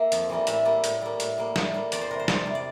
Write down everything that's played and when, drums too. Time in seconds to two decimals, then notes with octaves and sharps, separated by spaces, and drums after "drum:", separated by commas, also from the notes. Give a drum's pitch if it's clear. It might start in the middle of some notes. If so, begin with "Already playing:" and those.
Already playing: A#3 E5
0.12 F2, drum: hi-hat
0.29 E3 G3 A#3
0.47 A2 E5, drum: hi-hat
0.65 G3 A#3
0.84 A2, drum: hi-hat
1.02 G3 A#3
1.20 A2, drum: hi-hat
1.38 G3 A#3
1.56 A2, drum: snare
1.74 G3 A#3
1.92 E2 D5, drum: hi-hat
2.01 C5
2.10 C3 G3 A#4
2.19 C5
2.28 E2 D5, drum: snare
2.46 C3 G3
2.55 D5